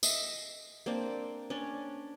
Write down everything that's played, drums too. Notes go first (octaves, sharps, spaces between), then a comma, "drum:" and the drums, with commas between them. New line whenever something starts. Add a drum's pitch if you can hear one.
D#5 E5, drum: tambourine
A#3 C4 D4 D5
C#4 D4 D5